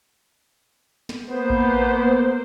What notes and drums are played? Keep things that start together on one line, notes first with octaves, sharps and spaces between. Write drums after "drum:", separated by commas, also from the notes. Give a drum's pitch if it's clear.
drum: snare
A#3 B3 C5
drum: kick A1